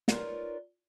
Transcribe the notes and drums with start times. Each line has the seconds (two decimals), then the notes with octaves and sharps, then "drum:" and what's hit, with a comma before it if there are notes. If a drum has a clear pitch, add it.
0.08 D#4 F4 A#4 B4 C#5 D5, drum: snare